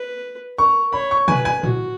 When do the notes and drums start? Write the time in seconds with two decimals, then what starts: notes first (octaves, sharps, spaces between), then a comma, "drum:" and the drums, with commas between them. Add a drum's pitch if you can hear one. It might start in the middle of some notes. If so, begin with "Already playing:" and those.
Already playing: B4
0.58 A#4 C#6
0.93 C#5 B5
1.11 C#6
1.28 B4 G#5, drum: tom B2
1.45 G#5
1.63 F#4, drum: tom A2